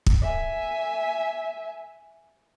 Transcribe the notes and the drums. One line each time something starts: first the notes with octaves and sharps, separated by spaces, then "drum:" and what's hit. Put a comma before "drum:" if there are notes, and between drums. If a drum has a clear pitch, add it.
drum: kick
E5 G#5